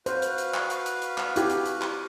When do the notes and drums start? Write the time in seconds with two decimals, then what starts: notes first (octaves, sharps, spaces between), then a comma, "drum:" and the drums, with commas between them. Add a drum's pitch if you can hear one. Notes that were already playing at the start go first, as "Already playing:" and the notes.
0.06 F#4 B4 C5 F5, drum: hi-hat
0.22 drum: hi-hat
0.38 drum: hi-hat
0.54 drum: clap
0.70 drum: hi-hat
0.86 drum: hi-hat
1.02 drum: hi-hat
1.18 drum: clap
1.36 E4 G4, drum: hi-hat
1.50 drum: hi-hat
1.65 drum: hi-hat
1.81 drum: clap